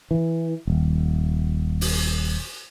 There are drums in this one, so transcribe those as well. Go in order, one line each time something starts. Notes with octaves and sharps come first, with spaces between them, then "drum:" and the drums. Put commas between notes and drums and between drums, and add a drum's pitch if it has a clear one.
E3
D#1
drum: open hi-hat